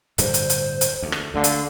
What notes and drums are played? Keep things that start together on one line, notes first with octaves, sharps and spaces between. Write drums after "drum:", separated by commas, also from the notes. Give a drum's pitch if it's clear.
D1 G2 D3 C5, drum: hi-hat
drum: hi-hat
drum: hi-hat
drum: hi-hat
D2 A4
drum: rim click
D2 D3 A3 F5
drum: hi-hat